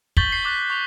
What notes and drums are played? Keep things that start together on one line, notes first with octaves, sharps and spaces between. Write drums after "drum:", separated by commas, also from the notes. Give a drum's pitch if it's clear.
C#6 G6 A6 B6 F#7 G7, drum: kick
B6 C7
D6 F#6 A6 B6
C#6 F7 G7